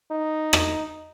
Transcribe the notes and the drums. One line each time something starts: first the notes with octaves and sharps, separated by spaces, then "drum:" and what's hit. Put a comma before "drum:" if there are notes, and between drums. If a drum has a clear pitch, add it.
D#4
drum: rim click